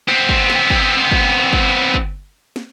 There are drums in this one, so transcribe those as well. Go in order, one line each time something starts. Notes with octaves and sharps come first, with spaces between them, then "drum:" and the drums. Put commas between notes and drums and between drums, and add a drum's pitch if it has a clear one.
B3 C4, drum: snare
drum: kick
drum: snare
drum: kick
drum: kick
drum: kick
drum: kick
drum: snare